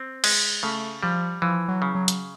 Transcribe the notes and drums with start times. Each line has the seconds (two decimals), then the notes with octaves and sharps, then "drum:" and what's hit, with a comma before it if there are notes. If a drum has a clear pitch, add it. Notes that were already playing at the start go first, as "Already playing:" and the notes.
Already playing: C4
0.24 G#3, drum: cymbal
0.63 C#3 A3
1.03 F3 G3
1.42 E3 F3
1.68 F#3
1.82 C#3
1.95 F#3
2.08 drum: hi-hat